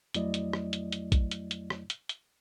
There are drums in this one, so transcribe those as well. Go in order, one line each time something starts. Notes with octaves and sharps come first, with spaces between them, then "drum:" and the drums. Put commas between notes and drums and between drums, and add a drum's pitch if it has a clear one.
F2 F#3 A3 E4 D5 D#5, drum: hi-hat
drum: hi-hat
drum: rim click
drum: hi-hat
drum: hi-hat
drum: kick A#1, hi-hat
drum: hi-hat
drum: hi-hat
drum: rim click
drum: hi-hat
drum: hi-hat